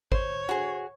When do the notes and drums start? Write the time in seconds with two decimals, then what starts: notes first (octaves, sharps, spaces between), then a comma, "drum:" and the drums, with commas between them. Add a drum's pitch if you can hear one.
0.12 C5 C#5, drum: kick G#1
0.49 F#4 G#4